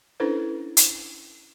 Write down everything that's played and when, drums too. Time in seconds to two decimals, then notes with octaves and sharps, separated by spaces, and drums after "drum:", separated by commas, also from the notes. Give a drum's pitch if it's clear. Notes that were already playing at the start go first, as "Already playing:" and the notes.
0.20 C#4 D4 E4 A4 B4 C5
0.77 drum: hi-hat